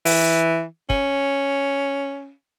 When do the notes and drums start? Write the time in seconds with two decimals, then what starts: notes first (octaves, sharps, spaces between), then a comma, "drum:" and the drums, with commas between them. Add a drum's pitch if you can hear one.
0.05 E3, drum: open hi-hat
0.90 C#4, drum: kick